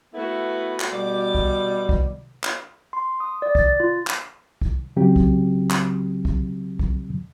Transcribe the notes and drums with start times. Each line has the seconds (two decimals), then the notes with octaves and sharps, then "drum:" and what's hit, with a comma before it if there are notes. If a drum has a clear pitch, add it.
0.14 A3 B3 E4 F#4 B4
0.80 drum: clap
0.92 B2 G3 D6
1.35 drum: kick
1.89 drum: kick
2.44 drum: clap
2.93 C6
3.20 D#6
3.42 D5
3.55 A6, drum: kick
3.80 F4
4.07 drum: clap
4.62 drum: kick
4.96 C2 C#3 F#3 C4 G4
5.16 drum: kick
5.70 drum: clap
6.25 drum: kick
6.79 drum: kick